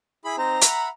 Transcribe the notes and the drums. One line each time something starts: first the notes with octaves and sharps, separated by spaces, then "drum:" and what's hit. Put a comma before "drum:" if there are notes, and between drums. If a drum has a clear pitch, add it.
E4 G#4 B5
C4 D#4 C5 A#5
E5 F#5 B5, drum: hi-hat